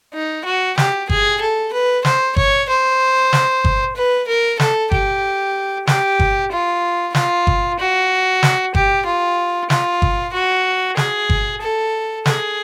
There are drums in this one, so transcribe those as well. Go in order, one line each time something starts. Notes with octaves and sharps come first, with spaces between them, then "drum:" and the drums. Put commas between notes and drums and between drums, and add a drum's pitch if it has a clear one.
D#4
F#4
G4, drum: snare
G#4, drum: kick G1
A4
B4
C5, drum: snare
C#5, drum: kick G1
C5
drum: snare
drum: kick G1
B4
A#4
A4, drum: snare
G4, drum: kick G1
G4, drum: snare
drum: kick G1
F4
F4, drum: snare
drum: kick G1
F#4
drum: snare
G4, drum: kick G1
F4
F4, drum: snare
drum: kick G1
F#4
G#4, drum: snare
drum: kick G1
A4
G#4, drum: snare